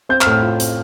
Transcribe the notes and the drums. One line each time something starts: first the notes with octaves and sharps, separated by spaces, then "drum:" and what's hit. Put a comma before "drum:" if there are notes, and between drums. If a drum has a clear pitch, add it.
C4 G6
F6, drum: clap
A2
F6
F4
C4, drum: hi-hat